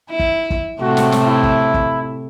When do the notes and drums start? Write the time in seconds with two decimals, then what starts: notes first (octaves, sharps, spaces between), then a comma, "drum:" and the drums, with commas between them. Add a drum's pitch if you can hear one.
0.10 E4
0.19 drum: kick
0.50 drum: kick
0.81 A2 C3 A3 F#4
0.97 drum: snare
1.12 drum: snare
1.26 E4
1.43 drum: kick
1.74 drum: kick